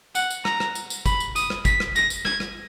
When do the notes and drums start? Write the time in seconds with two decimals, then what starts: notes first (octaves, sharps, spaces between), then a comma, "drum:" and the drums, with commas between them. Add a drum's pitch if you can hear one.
0.15 F#5, drum: tambourine
0.30 drum: tambourine
0.45 A#5, drum: rim click
0.60 drum: rim click
0.75 drum: tambourine
0.90 drum: tambourine
1.06 B5, drum: kick G1, tambourine
1.20 drum: tambourine
1.36 D#6, drum: tambourine
1.50 drum: rim click
1.65 B6, drum: kick G1, tambourine
1.80 drum: rim click
1.96 A#6, drum: tambourine
2.10 drum: tambourine
2.25 G#6, drum: rim click
2.40 drum: rim click